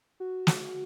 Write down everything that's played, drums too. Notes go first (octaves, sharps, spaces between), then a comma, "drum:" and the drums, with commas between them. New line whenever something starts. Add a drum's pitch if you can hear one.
F#4
drum: snare